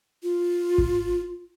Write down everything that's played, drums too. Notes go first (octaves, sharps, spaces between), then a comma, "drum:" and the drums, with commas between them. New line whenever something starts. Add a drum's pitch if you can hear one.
F4
drum: kick G#1